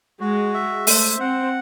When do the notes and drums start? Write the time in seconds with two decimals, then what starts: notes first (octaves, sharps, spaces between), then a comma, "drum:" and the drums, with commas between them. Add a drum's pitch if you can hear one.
0.20 G#3 F#4
0.54 E5
0.87 A3 C5, drum: open hi-hat
1.20 C4 F#5